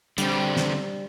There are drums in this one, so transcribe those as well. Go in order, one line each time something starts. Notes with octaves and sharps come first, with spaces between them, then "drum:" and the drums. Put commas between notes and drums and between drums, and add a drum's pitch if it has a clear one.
D3 G3 C4, drum: hi-hat
drum: snare